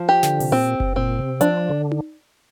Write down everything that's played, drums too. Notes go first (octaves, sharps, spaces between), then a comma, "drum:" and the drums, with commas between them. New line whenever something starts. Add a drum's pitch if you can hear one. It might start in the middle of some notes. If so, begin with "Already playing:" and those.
Already playing: F3
G4
D3, drum: snare
C3, drum: open hi-hat
A#2 C4
drum: kick F#1
A#2 C4
C3
F3 D4, drum: hi-hat
D3
drum: tom D#4